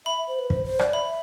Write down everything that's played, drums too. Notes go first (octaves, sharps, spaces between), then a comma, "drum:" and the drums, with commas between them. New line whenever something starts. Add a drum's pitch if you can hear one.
E5 B5
C5
B4
C5, drum: kick
C5
D5, drum: rim click
E5 B5